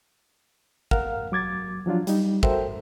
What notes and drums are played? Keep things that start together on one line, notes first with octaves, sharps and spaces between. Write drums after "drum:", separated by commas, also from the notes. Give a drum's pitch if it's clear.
A#4 F5 F#5 F6, drum: kick
F#3 D6 G#6 A6
F3 F#3 D4 F4
G3 D#4, drum: hi-hat
F#4 A4 A#4 C5 E5 G5, drum: kick